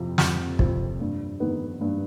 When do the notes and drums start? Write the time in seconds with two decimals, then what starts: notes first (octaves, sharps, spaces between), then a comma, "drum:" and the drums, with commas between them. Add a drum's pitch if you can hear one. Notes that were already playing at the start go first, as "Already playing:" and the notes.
Already playing: F2 C3 F3 C4
0.18 F2, drum: snare
0.59 C3 F3 C4, drum: kick
1.00 G2
1.40 D#3 B3
1.81 G2